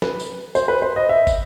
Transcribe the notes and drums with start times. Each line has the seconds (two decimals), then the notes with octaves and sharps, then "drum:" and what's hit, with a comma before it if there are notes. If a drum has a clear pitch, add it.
0.02 B4, drum: snare
0.20 drum: tambourine
0.55 C5, drum: tambourine
0.68 B4
0.82 C5
0.96 D#5
1.09 E5
1.27 drum: kick, tambourine